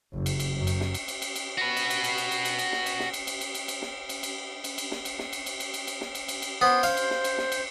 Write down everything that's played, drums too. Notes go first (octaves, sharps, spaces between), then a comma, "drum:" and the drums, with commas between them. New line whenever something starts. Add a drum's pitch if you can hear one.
F#1
drum: cymbal
drum: cymbal
F#2
drum: cymbal
drum: snare
drum: cymbal
drum: cymbal
drum: cymbal
drum: cymbal
F#4 B4
drum: cymbal
drum: cymbal
drum: cymbal
drum: cymbal
drum: cymbal
drum: cymbal
drum: cymbal
drum: snare
drum: cymbal
drum: snare
drum: cymbal
drum: cymbal
drum: cymbal
drum: cymbal
drum: cymbal
drum: snare
drum: cymbal
drum: cymbal
drum: cymbal
drum: cymbal
drum: snare
drum: cymbal
drum: snare
drum: cymbal
drum: cymbal
drum: cymbal
drum: cymbal
drum: cymbal
drum: snare
drum: cymbal
drum: cymbal
drum: cymbal
B3 C5
F5, drum: cymbal
drum: cymbal
drum: snare
drum: cymbal
drum: snare
drum: cymbal